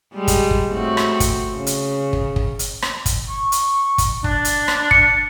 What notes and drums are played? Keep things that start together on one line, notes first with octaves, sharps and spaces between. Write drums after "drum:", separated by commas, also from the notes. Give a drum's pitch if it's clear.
G3 G#3
drum: kick, hi-hat
drum: kick
A2 C4 F#4
drum: rim click
drum: kick, hi-hat
C#3
drum: hi-hat
drum: kick
drum: kick
drum: hi-hat
drum: rim click
drum: kick, hi-hat
C#6
drum: hi-hat
drum: kick, hi-hat
D4, drum: kick
drum: hi-hat
drum: rim click
C#7, drum: kick